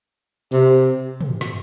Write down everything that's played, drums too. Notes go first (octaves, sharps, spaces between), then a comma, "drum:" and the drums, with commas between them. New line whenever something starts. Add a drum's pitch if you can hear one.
C3, drum: hi-hat
drum: tom
drum: snare